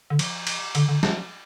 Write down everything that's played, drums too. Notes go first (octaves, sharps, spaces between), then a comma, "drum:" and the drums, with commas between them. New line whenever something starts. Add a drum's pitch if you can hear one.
D3
F3, drum: cymbal
drum: cymbal
D3, drum: cymbal
D3
F3, drum: snare